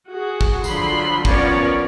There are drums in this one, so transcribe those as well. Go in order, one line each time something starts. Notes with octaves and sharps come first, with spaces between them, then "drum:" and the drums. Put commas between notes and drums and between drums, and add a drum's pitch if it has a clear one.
F#4 G#4
drum: kick
D3 F3 F#3 B5 C6, drum: tambourine
F3 B3 C#4 A#4 C#5 D5, drum: kick